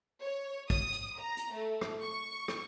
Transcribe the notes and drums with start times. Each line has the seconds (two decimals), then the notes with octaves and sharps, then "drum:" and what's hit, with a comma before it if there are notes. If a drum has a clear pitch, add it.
0.22 C#5
0.70 D#6, drum: kick, hi-hat
0.92 drum: hi-hat
1.19 A#5
1.37 drum: hi-hat
1.53 A3
1.81 drum: rim click
2.01 C#6
2.48 drum: rim click